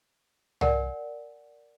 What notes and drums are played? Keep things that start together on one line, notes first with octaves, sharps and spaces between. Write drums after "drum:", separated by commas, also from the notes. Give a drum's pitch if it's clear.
A#4 D5 F#5 G#5, drum: tom C2